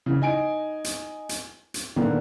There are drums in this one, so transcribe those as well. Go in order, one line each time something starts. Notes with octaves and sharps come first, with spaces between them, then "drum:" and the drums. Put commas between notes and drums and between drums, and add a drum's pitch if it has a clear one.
C#3 E3
D#4 G#5 D7
drum: hi-hat
drum: hi-hat
drum: hi-hat
A#2 D3 D#3 A#3 B3